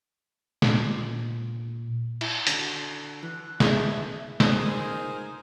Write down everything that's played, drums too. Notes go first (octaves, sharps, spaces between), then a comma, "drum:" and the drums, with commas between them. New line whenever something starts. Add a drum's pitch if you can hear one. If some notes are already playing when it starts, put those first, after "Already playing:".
A#2, drum: snare
E4, drum: cymbal
D3 F#4, drum: hi-hat
E3 F#6
B3 E4 G#4 A#4 D#5 E5 A5, drum: snare
D#4 F4 G#4 A#4 C5, drum: snare